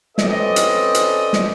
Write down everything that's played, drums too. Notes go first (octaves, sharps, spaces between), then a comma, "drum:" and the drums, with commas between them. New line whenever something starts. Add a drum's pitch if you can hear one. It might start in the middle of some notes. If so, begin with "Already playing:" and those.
C4 C#4 A4 B4 D5 D#5, drum: snare
drum: hi-hat
drum: hi-hat
drum: snare